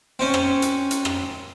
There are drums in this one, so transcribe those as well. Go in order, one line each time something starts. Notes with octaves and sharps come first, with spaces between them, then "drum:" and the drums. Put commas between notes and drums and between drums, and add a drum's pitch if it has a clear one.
C4 C#4
drum: rim click
drum: hi-hat
drum: hi-hat
drum: rim click